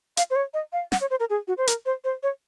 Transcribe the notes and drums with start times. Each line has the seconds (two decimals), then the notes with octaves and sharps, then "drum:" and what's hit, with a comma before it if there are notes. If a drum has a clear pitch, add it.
0.17 F5, drum: hi-hat
0.30 C5
0.36 C#5
0.54 D#5
0.73 F5
0.92 F#5, drum: snare
1.01 C#5
1.10 C5
1.20 A#4
1.30 G#4
1.48 F#4
1.58 C5
1.67 A#4, drum: hi-hat
1.86 C5
2.04 C5
2.23 C#5